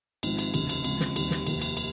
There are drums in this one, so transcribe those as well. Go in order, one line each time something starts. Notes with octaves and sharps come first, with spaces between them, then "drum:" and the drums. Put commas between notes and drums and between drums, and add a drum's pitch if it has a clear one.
G#1 G#2 F3 C4 D#4, drum: cymbal
drum: cymbal
F1 D#2 C#3, drum: cymbal
drum: cymbal
C#2 C#3 F3 C4 F4, drum: cymbal
drum: snare
D#2 D#3 G3 C4, drum: cymbal
drum: snare
F1 D#2 D#3, drum: cymbal
drum: cymbal
drum: cymbal